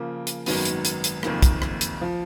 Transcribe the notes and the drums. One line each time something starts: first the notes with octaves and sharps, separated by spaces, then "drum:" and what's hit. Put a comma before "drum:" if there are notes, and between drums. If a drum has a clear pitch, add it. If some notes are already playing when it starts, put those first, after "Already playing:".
Already playing: C#3 F3 A#3
drum: hi-hat
G#1 F#2 D#3 F#3 B3, drum: open hi-hat
drum: hi-hat
drum: hi-hat
drum: hi-hat
F#1 F2 D#3 A#3, drum: rim click
drum: kick, hi-hat
drum: rim click
drum: hi-hat
F3